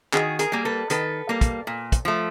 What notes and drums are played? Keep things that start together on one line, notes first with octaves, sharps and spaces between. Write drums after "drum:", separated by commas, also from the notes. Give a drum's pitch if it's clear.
D#3 F#4 G#4, drum: clap
G#4 A#4, drum: hi-hat
G3 A#3
A4 B4
D#3 A4 B4, drum: hi-hat
G3 A#3
drum: kick, hi-hat
A#2
drum: kick, hi-hat
F3 A3